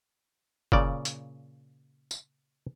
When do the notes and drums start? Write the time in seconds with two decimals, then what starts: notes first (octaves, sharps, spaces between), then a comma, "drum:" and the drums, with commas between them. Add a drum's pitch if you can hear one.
0.72 A#2 C#3 D5, drum: kick
1.05 drum: hi-hat
2.11 drum: tambourine